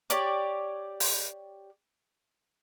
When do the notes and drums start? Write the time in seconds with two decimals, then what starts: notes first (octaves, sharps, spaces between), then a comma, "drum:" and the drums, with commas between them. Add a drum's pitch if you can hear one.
0.10 G4 C#5 D5 D6, drum: hi-hat
1.00 drum: open hi-hat